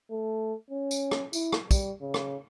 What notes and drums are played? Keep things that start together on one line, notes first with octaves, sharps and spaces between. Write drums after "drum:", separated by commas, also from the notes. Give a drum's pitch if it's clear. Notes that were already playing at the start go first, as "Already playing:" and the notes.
A3
C#4
drum: tambourine
drum: rim click
E4, drum: tambourine
drum: rim click
G3, drum: kick, tambourine
C#3
drum: rim click